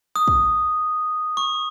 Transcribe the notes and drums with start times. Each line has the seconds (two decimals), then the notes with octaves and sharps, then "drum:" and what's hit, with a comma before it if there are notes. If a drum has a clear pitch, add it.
0.16 D#6
0.28 drum: kick
1.37 C#6